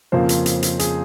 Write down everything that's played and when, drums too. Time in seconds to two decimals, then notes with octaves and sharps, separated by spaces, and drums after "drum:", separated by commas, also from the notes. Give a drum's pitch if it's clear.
0.12 F2 C#3 F3 A#3 F4 C5
0.29 drum: hi-hat
0.46 drum: hi-hat
0.63 drum: hi-hat
0.79 G#4, drum: hi-hat